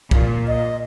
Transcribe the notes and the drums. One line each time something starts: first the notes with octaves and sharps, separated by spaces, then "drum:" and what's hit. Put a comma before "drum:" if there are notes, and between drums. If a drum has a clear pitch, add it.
A#2, drum: kick
D#5